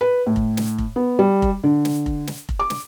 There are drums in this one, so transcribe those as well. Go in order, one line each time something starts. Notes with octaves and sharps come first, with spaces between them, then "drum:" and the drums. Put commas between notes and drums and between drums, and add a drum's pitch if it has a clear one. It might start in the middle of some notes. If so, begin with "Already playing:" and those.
B4
A2
drum: kick F1
drum: snare
drum: kick F1
B3
G3
drum: kick F1
D3
drum: snare
drum: kick F1
drum: snare
drum: kick F1
D6
drum: snare